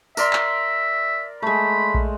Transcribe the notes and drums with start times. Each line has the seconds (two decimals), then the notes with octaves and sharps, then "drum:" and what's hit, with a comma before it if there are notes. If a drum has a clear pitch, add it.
0.17 A#4 D5 E5 C6, drum: tambourine
0.33 drum: clap
1.42 G#3 A3 B5
1.94 drum: kick A#1